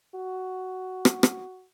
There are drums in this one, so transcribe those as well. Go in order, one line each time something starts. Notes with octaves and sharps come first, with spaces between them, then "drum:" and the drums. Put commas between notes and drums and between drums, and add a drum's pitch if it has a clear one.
F#4
drum: rim click
drum: rim click